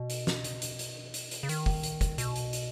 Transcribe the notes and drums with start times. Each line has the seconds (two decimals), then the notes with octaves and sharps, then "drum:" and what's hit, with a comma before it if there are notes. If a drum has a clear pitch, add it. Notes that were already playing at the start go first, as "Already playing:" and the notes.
Already playing: B2
0.10 drum: hi-hat
0.27 drum: snare
0.44 drum: hi-hat
0.62 drum: hi-hat
0.79 drum: hi-hat
1.14 drum: hi-hat
1.31 drum: hi-hat
1.43 C#3
1.49 D#3, drum: hi-hat
1.66 drum: kick, open hi-hat
1.84 drum: hi-hat
2.01 drum: kick, hi-hat
2.18 B2, drum: hi-hat
2.36 drum: hi-hat
2.53 drum: hi-hat